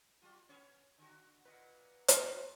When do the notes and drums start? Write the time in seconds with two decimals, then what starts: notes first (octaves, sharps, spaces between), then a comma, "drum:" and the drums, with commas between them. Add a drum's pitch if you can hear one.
0.22 F#3 F4
0.49 B3 C#4 C#5
0.98 D3 F#4
1.46 A#2 B4 D#5 F#5
2.08 A#3 F#4 B4 D5, drum: hi-hat